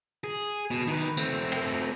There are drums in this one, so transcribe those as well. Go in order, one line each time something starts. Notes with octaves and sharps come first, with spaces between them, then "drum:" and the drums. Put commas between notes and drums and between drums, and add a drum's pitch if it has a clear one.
G#4
B2
D#3 B4
A3 C4, drum: tambourine
drum: cymbal